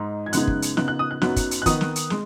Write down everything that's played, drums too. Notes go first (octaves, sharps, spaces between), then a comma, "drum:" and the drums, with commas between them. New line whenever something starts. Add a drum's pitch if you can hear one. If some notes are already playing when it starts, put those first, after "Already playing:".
Already playing: G#2 G#3 D#4
G#6
F#2 C#3 G#3 B3 D#4 F#6, drum: hi-hat
drum: kick
drum: hi-hat
C#3 B3 D#4 F#6, drum: snare
F#6
D#6
F#6
F#2 F#3 B3 D#4 F#6, drum: snare
drum: kick, hi-hat
drum: hi-hat
F#6
D#3 B3 D#4 D#6, drum: kick, hi-hat
drum: snare
drum: hi-hat
G#3, drum: snare